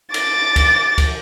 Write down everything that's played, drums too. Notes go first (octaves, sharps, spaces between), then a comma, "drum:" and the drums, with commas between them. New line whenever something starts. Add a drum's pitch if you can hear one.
D6 A6, drum: cymbal
drum: kick, cymbal
drum: kick, cymbal